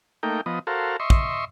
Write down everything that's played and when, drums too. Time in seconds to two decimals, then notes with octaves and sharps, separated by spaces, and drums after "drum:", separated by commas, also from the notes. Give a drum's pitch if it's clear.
0.23 A3 A#3 D#4 G5
0.46 F3 B3 D#5
0.67 F#4 A4 A#4 C5 F5
1.00 D#5 E5 C6 C#6
1.10 drum: kick